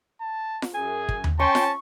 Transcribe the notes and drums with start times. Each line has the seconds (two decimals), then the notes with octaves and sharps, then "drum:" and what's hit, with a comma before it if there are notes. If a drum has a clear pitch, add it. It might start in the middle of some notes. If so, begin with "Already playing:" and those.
0.21 A5
0.62 drum: snare F4
0.74 F#2 G#4 G#5
1.09 drum: kick
1.24 drum: tom D#2
1.39 C#4 G5 A5 C6 C#6
1.55 drum: snare F4